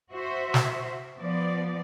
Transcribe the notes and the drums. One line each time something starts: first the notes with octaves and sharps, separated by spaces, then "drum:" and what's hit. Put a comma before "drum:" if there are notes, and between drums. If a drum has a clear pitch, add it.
F#4 C5 E5
drum: snare
F3 B3 D5